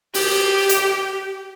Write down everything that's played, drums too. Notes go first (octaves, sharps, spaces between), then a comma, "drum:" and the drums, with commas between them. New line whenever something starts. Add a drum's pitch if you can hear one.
G4, drum: open hi-hat
drum: hi-hat